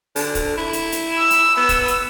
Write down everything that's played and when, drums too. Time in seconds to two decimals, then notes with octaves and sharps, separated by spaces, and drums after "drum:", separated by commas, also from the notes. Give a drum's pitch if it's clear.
0.16 D3, drum: open hi-hat
0.35 drum: kick, hi-hat
0.57 E4
0.73 drum: hi-hat
0.92 drum: hi-hat
1.18 E6
1.31 drum: hi-hat
1.57 B3
1.69 drum: kick, hi-hat
1.88 drum: hi-hat